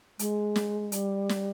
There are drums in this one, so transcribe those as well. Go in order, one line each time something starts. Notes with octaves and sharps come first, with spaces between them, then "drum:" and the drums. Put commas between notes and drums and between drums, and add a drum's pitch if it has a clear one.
G#3, drum: hi-hat
drum: snare
G3, drum: hi-hat
drum: snare